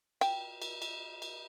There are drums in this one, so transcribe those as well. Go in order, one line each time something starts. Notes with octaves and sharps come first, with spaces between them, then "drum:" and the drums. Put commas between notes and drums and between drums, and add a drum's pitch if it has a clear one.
G5, drum: cymbal
drum: cymbal
drum: cymbal
drum: cymbal